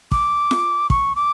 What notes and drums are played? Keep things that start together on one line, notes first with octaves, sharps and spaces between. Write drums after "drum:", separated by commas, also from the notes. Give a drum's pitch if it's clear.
D6, drum: kick
drum: snare F4
C#6, drum: kick
D6